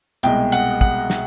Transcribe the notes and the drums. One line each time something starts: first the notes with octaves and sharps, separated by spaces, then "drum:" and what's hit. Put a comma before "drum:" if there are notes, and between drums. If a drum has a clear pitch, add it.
C2 B2 G#3 G5, drum: hi-hat
F#5, drum: hi-hat
F#5, drum: kick
drum: snare